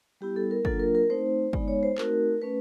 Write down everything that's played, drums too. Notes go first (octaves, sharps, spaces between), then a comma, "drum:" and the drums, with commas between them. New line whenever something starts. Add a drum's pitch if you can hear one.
G3 B3 E4 G4
A4
A#4
F#3 A#3 D4 F4 A4, drum: kick
A#4
A#4
A3 C4 D#4 C5
G#3 B3 D#4 D5, drum: kick
C#5
C5
A3 C4 D#4 F#4 A#4, drum: clap
A3 C#4 B4